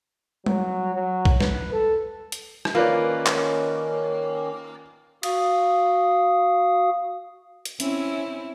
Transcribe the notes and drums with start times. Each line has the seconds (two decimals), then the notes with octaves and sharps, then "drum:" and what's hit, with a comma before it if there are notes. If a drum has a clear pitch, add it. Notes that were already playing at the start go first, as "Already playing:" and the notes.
0.46 F#3, drum: tom G3
0.95 F#3
1.25 drum: kick A#1
1.41 B4, drum: snare
1.72 A4
2.32 drum: hi-hat
2.65 drum: rim click
2.75 D#3 A#3 C#4 F4 B4 D5
3.26 drum: clap
5.23 F#4 F5 D#6, drum: cymbal
7.65 drum: hi-hat
7.80 C4 C#4 E4, drum: hi-hat